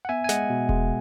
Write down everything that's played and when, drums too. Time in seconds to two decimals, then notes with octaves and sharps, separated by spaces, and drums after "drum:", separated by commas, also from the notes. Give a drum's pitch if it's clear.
0.05 F#5
0.09 B3 E5 G#5
0.24 G#5
0.29 G#3 D#5 F#5, drum: snare
0.50 B2
0.69 G#3, drum: kick E1